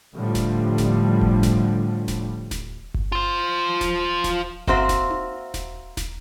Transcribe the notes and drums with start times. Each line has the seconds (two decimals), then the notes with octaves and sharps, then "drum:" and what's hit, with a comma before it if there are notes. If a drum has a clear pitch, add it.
0.13 A2 D3 F3 G3
0.35 drum: snare D#1
0.78 drum: snare D#1
1.21 drum: kick G1
1.43 drum: snare D#1
2.08 drum: snare D#1
2.51 drum: snare D#1
2.94 drum: kick G1
3.12 F4 C5
3.81 drum: snare D#1
4.24 drum: snare D#1
4.67 A#3 C4 F#4 C5 E5, drum: kick G1
4.89 drum: snare D#1
5.11 drum: tom D#4
5.54 drum: snare D#1
5.97 drum: snare D#1